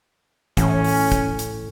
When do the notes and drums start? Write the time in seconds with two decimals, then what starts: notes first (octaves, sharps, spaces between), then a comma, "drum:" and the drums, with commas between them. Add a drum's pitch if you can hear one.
0.57 A2 E3 C#4, drum: kick, hi-hat
0.84 drum: open hi-hat
1.12 drum: kick, hi-hat
1.39 drum: hi-hat